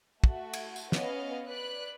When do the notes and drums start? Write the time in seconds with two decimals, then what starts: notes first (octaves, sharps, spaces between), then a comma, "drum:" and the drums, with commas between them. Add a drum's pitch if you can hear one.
0.24 A3 F#4, drum: kick
0.53 drum: cymbal
0.76 drum: tambourine
0.92 B3 C#4 D#5 F5, drum: snare
1.45 B4 D5 F#6